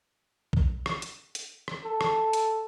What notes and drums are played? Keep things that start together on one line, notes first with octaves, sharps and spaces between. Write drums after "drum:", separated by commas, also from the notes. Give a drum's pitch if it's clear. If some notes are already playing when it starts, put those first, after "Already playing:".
drum: kick
drum: rim click
drum: hi-hat
drum: hi-hat
drum: rim click
A4
drum: rim click
drum: hi-hat